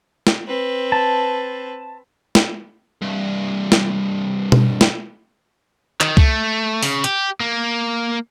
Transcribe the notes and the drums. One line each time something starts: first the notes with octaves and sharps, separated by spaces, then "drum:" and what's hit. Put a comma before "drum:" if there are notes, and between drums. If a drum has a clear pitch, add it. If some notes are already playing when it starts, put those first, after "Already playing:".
drum: snare
C4 B4
A5
drum: snare
C2 G2
drum: snare
drum: tom B2
drum: snare
D#3, drum: clap
A3, drum: kick C2
C#3, drum: open hi-hat
G4, drum: hi-hat
A#3